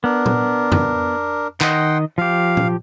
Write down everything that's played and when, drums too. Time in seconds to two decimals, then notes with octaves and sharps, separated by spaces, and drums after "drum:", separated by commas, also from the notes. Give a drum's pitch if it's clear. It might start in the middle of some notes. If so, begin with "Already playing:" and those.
0.04 B3 D4 A#4
0.26 drum: tom A#2
0.72 drum: tom F2
1.61 D#3 D#5 F#5 G5 C6, drum: clap
2.18 F3 G4 F5
2.57 drum: tom A#2